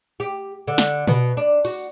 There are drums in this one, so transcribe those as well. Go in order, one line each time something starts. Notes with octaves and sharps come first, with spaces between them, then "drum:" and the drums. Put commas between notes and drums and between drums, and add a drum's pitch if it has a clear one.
G4
D3
drum: snare
B2, drum: tom
D4
F#4, drum: open hi-hat